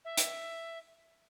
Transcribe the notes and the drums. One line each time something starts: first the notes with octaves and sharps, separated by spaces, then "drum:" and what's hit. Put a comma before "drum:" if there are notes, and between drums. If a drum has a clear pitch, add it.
E5
drum: hi-hat